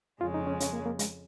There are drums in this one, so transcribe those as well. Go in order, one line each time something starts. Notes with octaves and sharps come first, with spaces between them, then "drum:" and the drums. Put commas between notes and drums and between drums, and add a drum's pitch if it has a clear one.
F2 C#3 G#3 F4
D#4
C#4
C#4, drum: hi-hat
A#3
A#3
G#3, drum: hi-hat